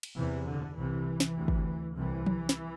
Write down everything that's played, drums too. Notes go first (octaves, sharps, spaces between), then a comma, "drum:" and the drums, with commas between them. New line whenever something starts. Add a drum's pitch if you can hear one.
drum: cymbal
E2 C3 E3
D3
C2 C3 E3
drum: snare
D2 C3
drum: kick
C2 C3 E3
drum: tom F3
drum: snare